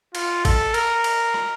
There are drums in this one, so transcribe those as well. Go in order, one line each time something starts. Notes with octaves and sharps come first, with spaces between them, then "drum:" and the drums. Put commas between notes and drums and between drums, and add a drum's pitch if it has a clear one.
F4, drum: cymbal
A4, drum: kick A1, cymbal
A#4, drum: cymbal
drum: cymbal
drum: rim click